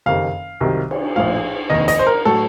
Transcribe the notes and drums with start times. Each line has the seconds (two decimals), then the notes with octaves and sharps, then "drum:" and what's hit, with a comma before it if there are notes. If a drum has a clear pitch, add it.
0.06 F#1 F2 C3 D#3 F5
0.60 C2 C3 D#3 F#3
0.91 drum: cymbal
1.16 A#1 A2 F3 F5
1.70 F1 D#2 D#3 D#5
1.88 D#5, drum: hi-hat
1.99 C5
2.07 A#4
2.25 A2 F#3 A4